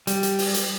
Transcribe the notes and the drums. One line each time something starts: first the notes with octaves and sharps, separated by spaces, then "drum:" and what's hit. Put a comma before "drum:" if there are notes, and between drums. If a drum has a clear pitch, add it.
G3, drum: hi-hat
drum: hi-hat
drum: open hi-hat
drum: hi-hat